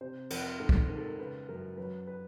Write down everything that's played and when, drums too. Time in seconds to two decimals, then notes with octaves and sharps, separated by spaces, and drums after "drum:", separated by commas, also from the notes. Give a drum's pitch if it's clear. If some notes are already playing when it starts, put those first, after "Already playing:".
0.01 C3 C5
0.30 F2 A#4, drum: cymbal
0.60 G#2 A4
0.69 drum: kick
0.89 G#2 A#4
0.98 A4
1.08 A#4
1.18 C#3 B4
1.49 F#2 A#4
1.77 F#3 B4
2.07 B4